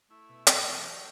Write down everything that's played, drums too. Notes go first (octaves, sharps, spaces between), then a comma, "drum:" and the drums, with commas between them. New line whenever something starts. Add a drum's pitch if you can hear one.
A3 E4
B2
F#3 G4, drum: hi-hat
E3
G4